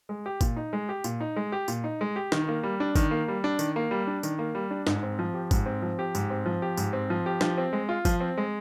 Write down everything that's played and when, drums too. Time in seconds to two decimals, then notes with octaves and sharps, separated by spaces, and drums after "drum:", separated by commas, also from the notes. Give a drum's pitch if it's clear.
0.09 G#3
0.26 G4
0.41 A#2, drum: kick G1, tambourine
0.56 D#4
0.73 G#3
0.89 G4
1.04 A#2, drum: tambourine
1.20 D#4
1.36 G#3
1.52 G4
1.68 A#2, drum: tambourine
1.84 D#4
2.01 G#3
2.16 G4
2.32 D#3, drum: snare
2.48 A#3
2.63 G3
2.80 D4
2.95 D#3, drum: kick G1, tambourine
3.11 A#3
3.28 G3
3.44 D4
3.59 D#3, drum: tambourine
3.76 A#3
3.91 G3
4.07 D4
4.23 D#3, drum: tambourine
4.39 A#3
4.55 G3
4.71 D4
4.87 G#2, drum: snare
5.03 C4
5.19 F3
5.34 G4
5.51 G#2, drum: kick G1, tambourine
5.66 C4
5.82 F3
5.99 G4
6.15 G#2, drum: tambourine
6.30 C4
6.46 F3
6.62 G4
6.77 G#2, drum: tambourine
6.93 C4
7.10 F3
7.26 G4
7.41 F3, drum: snare
7.58 C4
7.73 G#3
7.89 F4
8.05 F3, drum: kick G1, tambourine
8.21 C4
8.37 G#3